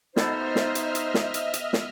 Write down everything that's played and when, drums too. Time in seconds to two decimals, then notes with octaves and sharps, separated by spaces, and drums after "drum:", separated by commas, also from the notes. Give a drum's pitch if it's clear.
0.16 B2 B3 D#4 A4 C5 D#5 E5 F6, drum: snare
0.56 drum: snare
0.75 drum: hi-hat
0.95 drum: hi-hat
1.14 drum: snare
1.34 drum: hi-hat
1.53 drum: hi-hat
1.73 drum: snare